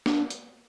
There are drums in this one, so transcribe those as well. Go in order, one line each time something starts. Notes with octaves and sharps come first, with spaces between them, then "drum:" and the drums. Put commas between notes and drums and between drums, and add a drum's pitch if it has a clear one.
D4, drum: snare
drum: hi-hat